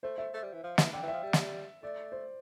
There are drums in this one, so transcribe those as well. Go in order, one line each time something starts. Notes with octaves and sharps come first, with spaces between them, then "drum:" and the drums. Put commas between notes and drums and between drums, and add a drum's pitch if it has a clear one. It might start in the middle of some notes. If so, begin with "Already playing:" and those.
A3 C5
A3 E5
A3
G3
E3
F3
E3, drum: snare
D3 G5
E3
F3 E5
G3
drum: snare
A3 D5
C5